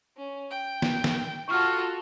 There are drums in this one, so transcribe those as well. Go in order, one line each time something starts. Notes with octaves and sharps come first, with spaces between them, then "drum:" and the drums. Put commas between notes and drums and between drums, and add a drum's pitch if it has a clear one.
C#4
G5
drum: snare
drum: snare
F4 F#4 A4 C#6 F6